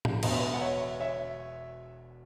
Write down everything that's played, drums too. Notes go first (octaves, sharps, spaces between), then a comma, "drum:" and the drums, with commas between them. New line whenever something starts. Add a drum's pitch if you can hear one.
drum: tom
E1 E2 B2 D#5, drum: cymbal
E5
B4 D#5
F#5
C#5 E5
C#5 E5